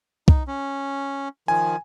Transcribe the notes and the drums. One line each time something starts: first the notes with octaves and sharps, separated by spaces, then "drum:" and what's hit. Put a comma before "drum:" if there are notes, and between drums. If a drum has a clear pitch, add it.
D#4, drum: kick
C#4
D#3 F3 G#5